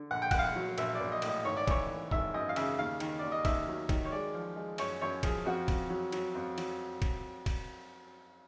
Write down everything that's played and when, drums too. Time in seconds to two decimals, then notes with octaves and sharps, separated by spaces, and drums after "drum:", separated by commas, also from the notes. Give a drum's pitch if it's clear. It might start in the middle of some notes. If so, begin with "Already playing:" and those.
Already playing: D3
0.11 A#1 F#5
0.22 G5
0.31 A#1 F#5, drum: kick, cymbal
0.39 F5
0.44 F#5
0.55 F#3
0.78 A#1 E5, drum: cymbal
0.95 D5
1.00 A#1
1.12 D#5
1.22 A2, drum: cymbal
1.28 D#5
1.45 G#1 C#5
1.57 D5
1.67 E3 C#5, drum: kick, cymbal
1.90 E3
2.11 G#1 E5, drum: kick
2.34 F#2 D#5
2.49 F5
2.56 C#3 E5, drum: cymbal
2.79 D#2 F5
3.00 D#3, drum: cymbal
3.19 D#2 D5
3.32 D#5
3.45 D#2 E5, drum: kick, cymbal
3.68 F#3
3.89 D#3, drum: kick, cymbal
4.05 C#5
4.12 G#3 D5
4.34 F3
4.56 G#3
4.78 F#2 C#5, drum: cymbal
5.01 F#2 C#5
5.23 F3 G#4, drum: kick, cymbal
5.45 F2 F#4
5.68 F2, drum: kick, cymbal
5.90 F#3
6.12 F#3, drum: cymbal
6.35 F2
6.58 F#3, drum: cymbal
7.02 drum: kick, cymbal
7.46 drum: kick, cymbal